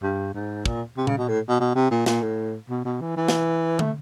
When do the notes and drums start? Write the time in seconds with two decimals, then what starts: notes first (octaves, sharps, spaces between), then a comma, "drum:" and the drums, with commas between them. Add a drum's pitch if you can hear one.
0.02 G2
0.34 G#2
0.66 A#2, drum: kick
0.97 C3
1.07 C#3, drum: tom A#2
1.17 B2
1.28 A2
1.48 B2
1.60 B2
1.75 C3
1.91 A#2
2.06 A#2, drum: snare
2.22 A2
2.69 B2
2.85 B2
3.01 E3
3.17 E3
3.28 drum: snare
3.79 A3, drum: tom